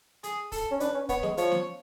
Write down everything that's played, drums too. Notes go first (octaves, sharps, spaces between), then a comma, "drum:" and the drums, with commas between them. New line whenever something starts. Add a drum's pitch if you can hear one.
G#4, drum: hi-hat
A4, drum: kick, open hi-hat
C#4
D4 B4, drum: hi-hat
C#4
B3 C#5, drum: kick, hi-hat
G#3, drum: snare
F3 C#5, drum: hi-hat
drum: snare